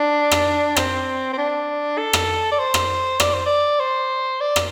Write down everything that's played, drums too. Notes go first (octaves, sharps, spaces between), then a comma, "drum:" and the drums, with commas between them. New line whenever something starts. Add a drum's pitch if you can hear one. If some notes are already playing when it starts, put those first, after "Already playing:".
Already playing: D4
drum: rim click
C4, drum: rim click
C4
D4
A4
drum: rim click
D5
C5
drum: rim click
D5, drum: rim click
C5
D5
C5
D5
drum: rim click